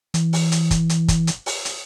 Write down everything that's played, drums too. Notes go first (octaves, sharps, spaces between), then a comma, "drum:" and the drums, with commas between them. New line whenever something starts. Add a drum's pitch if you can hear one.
E3, drum: hi-hat
drum: open hi-hat
drum: hi-hat
drum: kick, hi-hat
drum: hi-hat
drum: kick, hi-hat
drum: hi-hat
drum: open hi-hat
drum: hi-hat